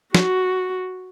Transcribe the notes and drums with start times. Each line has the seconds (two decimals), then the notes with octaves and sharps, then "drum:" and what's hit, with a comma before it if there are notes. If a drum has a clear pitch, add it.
0.15 F#4, drum: snare